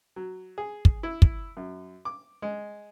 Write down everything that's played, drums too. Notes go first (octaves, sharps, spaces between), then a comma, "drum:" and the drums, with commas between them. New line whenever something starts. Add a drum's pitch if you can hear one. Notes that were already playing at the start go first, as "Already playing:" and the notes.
F#3
G#4
drum: kick
E4
drum: kick
F#2
D6
G#3